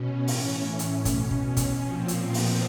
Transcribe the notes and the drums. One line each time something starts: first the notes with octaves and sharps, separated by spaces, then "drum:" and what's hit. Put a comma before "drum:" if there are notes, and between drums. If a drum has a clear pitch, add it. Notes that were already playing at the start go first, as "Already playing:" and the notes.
Already playing: B2 C#4
A2 E3, drum: open hi-hat
drum: hi-hat
B2, drum: kick, hi-hat
drum: kick
drum: kick, hi-hat
A#2 F3 C4
drum: hi-hat
B3
drum: open hi-hat